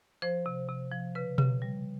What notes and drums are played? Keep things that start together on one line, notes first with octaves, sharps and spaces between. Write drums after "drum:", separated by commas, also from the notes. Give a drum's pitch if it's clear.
F3 C5
C3
C3
F3
C#3 B4
C#3, drum: tom B2
G3